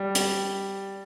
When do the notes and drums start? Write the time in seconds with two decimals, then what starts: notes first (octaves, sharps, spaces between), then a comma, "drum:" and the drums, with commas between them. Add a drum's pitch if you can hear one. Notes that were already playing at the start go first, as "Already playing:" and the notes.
Already playing: G3
0.15 drum: hi-hat